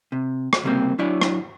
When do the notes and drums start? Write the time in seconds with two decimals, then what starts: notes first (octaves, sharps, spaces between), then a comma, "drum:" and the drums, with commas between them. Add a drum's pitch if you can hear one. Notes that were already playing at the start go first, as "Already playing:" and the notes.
0.12 C3
0.53 drum: rim click
0.64 C#2 C3 G3 A3 A#3 C4
0.99 F#3 D4 E4 C#5 D5
1.21 drum: rim click